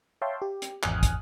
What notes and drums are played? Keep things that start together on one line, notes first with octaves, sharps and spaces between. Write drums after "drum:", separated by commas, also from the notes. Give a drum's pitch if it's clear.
C#5 E5 F5 G5 A5 C6
G4
drum: hi-hat
G#1 E2 G#5 D#6 F6 F#6, drum: clap
drum: kick, hi-hat